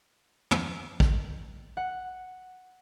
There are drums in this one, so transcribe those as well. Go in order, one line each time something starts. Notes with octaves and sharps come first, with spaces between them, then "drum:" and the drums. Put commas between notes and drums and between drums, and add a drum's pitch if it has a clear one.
drum: tom
drum: kick
F#5